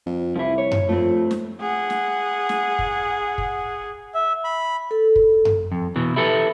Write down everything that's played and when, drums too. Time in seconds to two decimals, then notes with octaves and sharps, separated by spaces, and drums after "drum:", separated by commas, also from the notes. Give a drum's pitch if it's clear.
0.06 F2
0.36 C2 F3 E4
0.58 C#5
0.71 drum: tom F#2
0.89 F3 A3 C4
1.31 drum: snare
1.60 G#4 F#5
1.90 drum: snare
2.49 drum: snare
2.79 drum: kick
3.38 drum: kick
4.14 E5
4.45 B5
4.91 A4
5.16 drum: kick
5.45 drum: tom F#2
5.72 F2
5.96 B2 E3
6.16 E4 G4 A4 B4